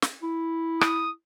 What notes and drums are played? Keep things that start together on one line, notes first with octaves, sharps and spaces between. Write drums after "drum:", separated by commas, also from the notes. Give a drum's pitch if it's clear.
drum: snare
E4
D#6, drum: rim click